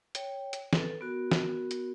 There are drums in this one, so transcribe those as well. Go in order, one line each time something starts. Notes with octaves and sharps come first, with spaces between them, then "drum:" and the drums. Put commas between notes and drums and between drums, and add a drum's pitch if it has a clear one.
C#5 G5, drum: hi-hat
drum: hi-hat
A4 B4, drum: snare
B3 F#4 A#4
drum: snare
drum: hi-hat